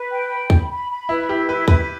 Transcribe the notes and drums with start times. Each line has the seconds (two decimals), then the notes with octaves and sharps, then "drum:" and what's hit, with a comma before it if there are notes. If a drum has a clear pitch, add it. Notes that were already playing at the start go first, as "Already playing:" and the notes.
Already playing: B4
0.11 G5
0.30 B5
0.50 B5, drum: kick
0.70 B5
0.90 B5
1.09 E4 B4
1.29 E4 G4
1.49 E4 B4
1.68 E4 B4, drum: kick